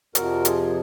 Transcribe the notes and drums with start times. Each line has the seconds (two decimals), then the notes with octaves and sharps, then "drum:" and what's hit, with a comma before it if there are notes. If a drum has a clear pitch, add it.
0.15 F2 C3 F3 F#4 A#4, drum: hi-hat
0.45 F4 G#4, drum: hi-hat